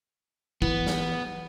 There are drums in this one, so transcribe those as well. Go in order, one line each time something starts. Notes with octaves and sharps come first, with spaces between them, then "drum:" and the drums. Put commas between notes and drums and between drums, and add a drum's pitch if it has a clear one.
E3 B3, drum: kick
drum: snare